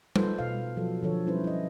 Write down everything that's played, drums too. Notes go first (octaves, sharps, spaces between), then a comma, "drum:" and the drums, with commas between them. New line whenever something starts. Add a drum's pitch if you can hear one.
D#4 F4 A4 B4 C5, drum: tom G3
B2 F5
F3 F#3 A4
D3 F3 A4 C#5
G3 C#4 E4 B4 C5
E4 D#5